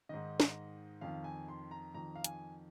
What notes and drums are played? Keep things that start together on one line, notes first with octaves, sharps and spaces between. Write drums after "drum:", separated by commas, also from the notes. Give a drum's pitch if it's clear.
G#2 D#3 D#5
drum: snare
F2 D#3 F5
G#5
C6
A#5
F2 D#3 A#5
F5
G#5, drum: hi-hat